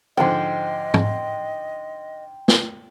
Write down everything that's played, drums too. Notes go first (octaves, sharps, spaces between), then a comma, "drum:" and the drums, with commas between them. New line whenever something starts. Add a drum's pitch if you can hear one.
G#2 D3 F3 D#5 G5 C6
drum: tom
drum: snare